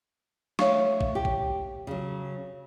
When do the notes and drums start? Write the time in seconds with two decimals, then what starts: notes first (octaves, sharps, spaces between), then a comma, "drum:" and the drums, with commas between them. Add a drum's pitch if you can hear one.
0.59 A3 C#5 F5 C#6, drum: snare
1.01 drum: kick
1.15 G4
1.25 drum: kick
1.87 C#3 F#3